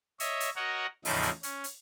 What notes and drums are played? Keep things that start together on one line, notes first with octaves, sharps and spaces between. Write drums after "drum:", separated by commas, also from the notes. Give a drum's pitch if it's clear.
C#5 D#5 E5, drum: hi-hat
drum: hi-hat
F#4 A#4 C#5 D#5 F#5
E2 A2 C#3 F3 D#4 E4, drum: open hi-hat
drum: hi-hat
C#4, drum: hi-hat
drum: hi-hat